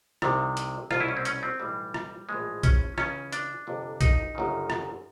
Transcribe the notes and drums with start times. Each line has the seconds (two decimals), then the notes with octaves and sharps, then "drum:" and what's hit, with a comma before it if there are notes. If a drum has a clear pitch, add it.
0.22 C2 C3 D#3, drum: rim click
0.57 drum: hi-hat
0.91 C2 B2 F4, drum: rim click
1.00 E4
1.08 C#4
1.17 C4
1.25 C#4, drum: hi-hat
1.43 C4
1.60 B1 A2 E3 G3
1.94 drum: rim click
2.29 A#1 A2 E3 G#3
2.63 C#4, drum: kick B1, hi-hat
2.98 C#2 C#3 E3 C#4, drum: rim click
3.33 D4, drum: hi-hat
3.67 G1 F2 C3
4.01 D#4, drum: kick B1, hi-hat
4.35 G1 F#2 C#3
4.70 drum: rim click